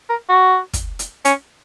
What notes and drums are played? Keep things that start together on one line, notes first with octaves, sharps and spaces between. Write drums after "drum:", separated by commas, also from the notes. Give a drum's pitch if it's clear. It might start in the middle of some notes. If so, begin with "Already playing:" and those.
A#4
F#4
drum: kick, hi-hat
drum: hi-hat
C#4, drum: hi-hat